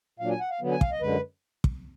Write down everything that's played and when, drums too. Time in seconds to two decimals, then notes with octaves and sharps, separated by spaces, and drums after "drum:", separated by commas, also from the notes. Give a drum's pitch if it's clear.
0.19 A#2 F#3 D4 F5
0.30 G#5
0.40 F#5
0.50 F5
0.61 D3 F#3 B3
0.72 G#5
0.81 F5, drum: kick
0.92 D#5
1.02 F#2 D3 G#3 B4
1.64 drum: kick